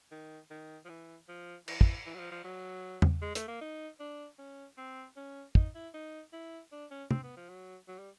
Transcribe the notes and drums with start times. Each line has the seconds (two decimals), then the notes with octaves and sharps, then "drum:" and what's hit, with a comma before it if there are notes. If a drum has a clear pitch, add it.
0.12 D#3
0.51 D#3
0.85 F3
0.89 E3
1.29 F3
1.68 E3, drum: cymbal
1.81 drum: kick
2.06 E3
2.14 F#3
2.19 F3
2.32 F3
2.45 F#3
3.02 drum: tom E2
3.22 G#3
3.35 A3, drum: hi-hat
3.48 A#3
3.61 D#4
4.00 D4
4.39 C#4
4.78 C4
5.17 C#4
5.55 D#4, drum: kick
5.75 E4
5.94 D#4
6.33 E4
6.72 D4
6.91 C#4
7.11 C4, drum: tom
7.24 B3
7.37 F3
7.49 F#3
7.88 F#3
7.99 G3